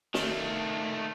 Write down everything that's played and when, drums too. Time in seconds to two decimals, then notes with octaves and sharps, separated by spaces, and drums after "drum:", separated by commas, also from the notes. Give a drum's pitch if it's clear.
0.14 D#3 A3, drum: snare